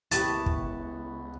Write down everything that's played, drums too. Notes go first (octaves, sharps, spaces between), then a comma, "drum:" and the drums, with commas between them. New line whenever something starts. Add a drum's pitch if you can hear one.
C#2 B3 E4 G4 B4 C#5 A5, drum: hi-hat
drum: kick